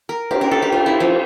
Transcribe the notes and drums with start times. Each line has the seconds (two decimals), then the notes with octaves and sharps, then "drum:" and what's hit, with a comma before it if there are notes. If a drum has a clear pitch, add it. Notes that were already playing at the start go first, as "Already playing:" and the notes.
0.09 A#4
0.31 G4, drum: cymbal
0.41 A#4
0.51 A4
0.62 G4
0.72 F4
0.86 E4
1.00 F3